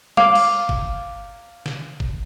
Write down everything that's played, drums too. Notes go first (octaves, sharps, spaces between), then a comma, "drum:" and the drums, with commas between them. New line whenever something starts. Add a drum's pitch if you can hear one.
F5 D6, drum: tom G3
drum: cymbal
drum: kick
drum: snare
drum: kick